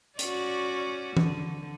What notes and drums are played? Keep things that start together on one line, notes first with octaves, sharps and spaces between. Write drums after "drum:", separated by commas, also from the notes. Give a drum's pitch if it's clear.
C#4 F#4 D5, drum: hi-hat
D3, drum: tom